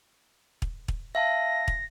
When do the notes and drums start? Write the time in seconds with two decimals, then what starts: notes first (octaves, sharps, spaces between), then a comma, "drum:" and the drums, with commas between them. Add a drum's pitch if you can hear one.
0.62 drum: kick
0.88 drum: kick
1.15 E5 F5 A5 A#6
1.68 drum: kick